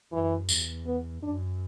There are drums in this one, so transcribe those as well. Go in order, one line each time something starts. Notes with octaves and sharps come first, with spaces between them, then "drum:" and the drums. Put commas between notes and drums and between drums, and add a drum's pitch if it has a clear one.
F#2 E3
E2, drum: tambourine
B3
F#2 D4